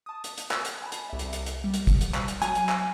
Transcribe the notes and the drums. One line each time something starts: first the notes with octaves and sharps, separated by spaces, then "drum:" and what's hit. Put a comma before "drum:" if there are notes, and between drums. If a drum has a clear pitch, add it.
A5 D#6
drum: hi-hat
drum: hi-hat
drum: clap
drum: hi-hat
G#5 A5 B5
drum: hi-hat
C2 E5
drum: hi-hat
drum: hi-hat
drum: hi-hat
G3
drum: hi-hat
drum: kick, hi-hat
drum: hi-hat
drum: clap
drum: hi-hat
F#3 G#5, drum: hi-hat
drum: hi-hat
drum: clap